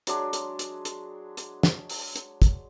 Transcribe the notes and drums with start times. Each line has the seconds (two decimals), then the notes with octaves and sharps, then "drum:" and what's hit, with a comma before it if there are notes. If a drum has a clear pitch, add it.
0.07 F#3 G#3 D4, drum: hi-hat
0.33 drum: hi-hat
0.59 drum: hi-hat
0.85 drum: hi-hat
1.37 drum: hi-hat
1.63 drum: snare
1.89 drum: open hi-hat
2.16 drum: hi-hat
2.42 drum: kick, hi-hat